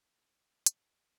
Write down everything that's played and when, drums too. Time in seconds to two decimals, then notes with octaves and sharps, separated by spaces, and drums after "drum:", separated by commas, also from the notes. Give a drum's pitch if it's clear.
0.13 A#4 C5
0.66 G#4 A4, drum: hi-hat